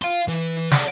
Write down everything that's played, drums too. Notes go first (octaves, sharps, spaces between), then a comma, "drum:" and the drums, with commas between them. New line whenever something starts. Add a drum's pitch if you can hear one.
F5 C6
E3
D5 F#5, drum: snare